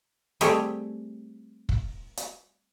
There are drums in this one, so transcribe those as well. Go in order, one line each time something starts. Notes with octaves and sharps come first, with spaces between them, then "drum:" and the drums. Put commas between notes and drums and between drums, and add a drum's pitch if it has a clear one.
G3 A3 C4 G4 G#4, drum: hi-hat
drum: kick
drum: hi-hat